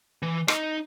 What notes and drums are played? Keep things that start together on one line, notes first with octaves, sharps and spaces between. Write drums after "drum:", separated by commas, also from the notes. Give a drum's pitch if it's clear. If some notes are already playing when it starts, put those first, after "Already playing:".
E3
D#4 D#5, drum: rim click